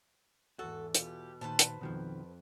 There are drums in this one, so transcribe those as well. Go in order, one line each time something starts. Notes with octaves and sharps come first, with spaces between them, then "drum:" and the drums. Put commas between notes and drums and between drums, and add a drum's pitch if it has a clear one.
E2 G#2 F#4 A4
B2 F4 G4, drum: hi-hat
A#2 D#3 B4 C5 A5
drum: hi-hat
F2 B2 D#3 F3